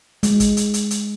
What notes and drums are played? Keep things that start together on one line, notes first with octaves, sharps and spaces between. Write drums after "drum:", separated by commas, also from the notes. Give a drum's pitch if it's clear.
G#3, drum: hi-hat
drum: kick, hi-hat
drum: hi-hat
drum: hi-hat
drum: hi-hat